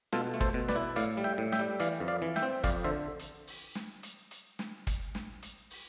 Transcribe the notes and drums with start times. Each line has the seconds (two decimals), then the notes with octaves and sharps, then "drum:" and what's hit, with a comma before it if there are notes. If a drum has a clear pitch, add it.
0.13 B2 F4 A4, drum: snare
0.34 A3
0.41 A4 C5, drum: kick
0.54 B2
0.68 B4 D5, drum: snare
0.76 E4
0.96 A2 D5 F5, drum: hi-hat
1.17 G3
1.24 E5 G5
1.38 A2
1.52 E5 G5, drum: snare
1.59 G3
1.80 E3 D5 F5, drum: hi-hat
2.00 F2
2.08 D5 F5
2.22 E3
2.36 E5 G5, drum: snare
2.43 C4
2.64 F2 D5 F5, drum: kick, hi-hat
2.84 D3 C5 E5
3.20 drum: hi-hat
3.47 drum: open hi-hat
3.75 drum: snare
4.03 drum: hi-hat
4.31 drum: hi-hat
4.59 drum: snare
4.87 drum: kick, hi-hat
5.15 drum: snare
5.43 drum: hi-hat
5.71 drum: open hi-hat